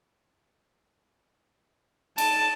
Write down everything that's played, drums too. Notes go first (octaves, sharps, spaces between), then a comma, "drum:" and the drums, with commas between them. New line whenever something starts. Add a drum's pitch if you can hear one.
A5, drum: cymbal